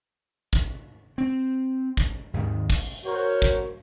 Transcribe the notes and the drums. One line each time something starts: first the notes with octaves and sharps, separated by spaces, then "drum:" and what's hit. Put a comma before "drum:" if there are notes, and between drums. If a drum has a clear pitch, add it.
drum: kick, hi-hat
C4
drum: kick, hi-hat
D#2 G#2 D#3
drum: kick, open hi-hat
F#4 A#4 C5 C#5
drum: kick, hi-hat